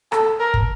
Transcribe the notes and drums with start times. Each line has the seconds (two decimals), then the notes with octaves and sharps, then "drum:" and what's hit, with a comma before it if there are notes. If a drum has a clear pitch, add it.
0.12 A4, drum: rim click
0.40 A#4
0.54 drum: kick